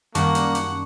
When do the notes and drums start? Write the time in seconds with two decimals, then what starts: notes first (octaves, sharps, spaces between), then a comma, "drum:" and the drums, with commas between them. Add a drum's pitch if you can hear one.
0.15 F#2 D#3 G3 A#3 F#5 A5 C#6 D6, drum: hi-hat
0.35 drum: hi-hat
0.55 drum: hi-hat